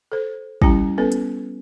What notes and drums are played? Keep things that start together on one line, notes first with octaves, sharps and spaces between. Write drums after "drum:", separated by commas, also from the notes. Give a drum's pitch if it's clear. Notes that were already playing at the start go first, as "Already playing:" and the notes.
A4 C5
G3 C#4 E4 G4 G5 A#5, drum: kick
B3 C#4 A4 B4
drum: hi-hat